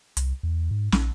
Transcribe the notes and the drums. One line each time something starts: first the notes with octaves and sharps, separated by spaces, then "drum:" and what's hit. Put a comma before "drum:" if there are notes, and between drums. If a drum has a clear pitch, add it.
C2, drum: hi-hat
E2
G#2
A#1, drum: snare